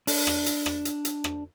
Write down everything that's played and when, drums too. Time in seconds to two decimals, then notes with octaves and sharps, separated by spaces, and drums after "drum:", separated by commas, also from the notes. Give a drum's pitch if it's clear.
0.07 D4, drum: open hi-hat
0.27 drum: rim click
0.46 drum: hi-hat
0.66 drum: rim click
0.85 drum: hi-hat
1.05 drum: hi-hat
1.24 drum: rim click